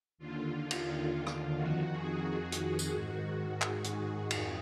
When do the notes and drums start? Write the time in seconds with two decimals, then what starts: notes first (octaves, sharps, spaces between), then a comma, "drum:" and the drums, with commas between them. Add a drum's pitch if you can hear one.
0.18 D#2 D3 F4
0.71 drum: cymbal
1.27 drum: rim click
1.56 F2 D#3 F#4
1.90 G#4
2.24 F#4
2.52 drum: hi-hat
2.79 drum: tambourine
2.94 G#2 D#3
3.62 G#4, drum: clap
3.84 drum: hi-hat
4.31 F2, drum: cymbal